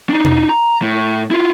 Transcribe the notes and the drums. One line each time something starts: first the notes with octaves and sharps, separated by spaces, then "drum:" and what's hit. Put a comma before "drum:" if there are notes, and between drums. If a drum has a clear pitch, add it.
D4 D#4
drum: tom
A#5
A2
E4 F4